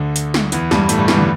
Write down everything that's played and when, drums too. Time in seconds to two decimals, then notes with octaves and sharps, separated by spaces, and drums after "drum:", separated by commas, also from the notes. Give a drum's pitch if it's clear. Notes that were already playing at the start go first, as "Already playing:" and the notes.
Already playing: D2 D3
0.16 drum: hi-hat
0.34 drum: snare
0.52 E2 E3, drum: hi-hat
0.71 G2 G3, drum: snare
0.89 A2 A3, drum: hi-hat
0.99 G2 G3
1.08 E2 E3, drum: snare
1.17 D3